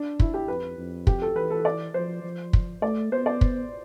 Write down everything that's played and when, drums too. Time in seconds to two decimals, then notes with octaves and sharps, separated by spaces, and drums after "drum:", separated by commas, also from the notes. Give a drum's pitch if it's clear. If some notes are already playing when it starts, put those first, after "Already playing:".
Already playing: D4
0.20 E4, drum: kick
0.34 G4
0.48 F2 B4
0.78 F2
1.07 G4, drum: kick
1.22 A4
1.36 E3 B4
1.50 A4
1.65 D5
1.94 F3 C5
2.24 F3
2.53 drum: kick
2.82 A3 D5
3.12 B3 C5
3.26 D5
3.41 drum: kick